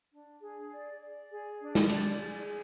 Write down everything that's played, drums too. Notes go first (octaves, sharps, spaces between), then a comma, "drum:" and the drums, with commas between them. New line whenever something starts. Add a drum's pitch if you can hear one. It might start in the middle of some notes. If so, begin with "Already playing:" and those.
D4
G#4
D5
D5
G#4
D4
drum: snare
D5, drum: cymbal
G#4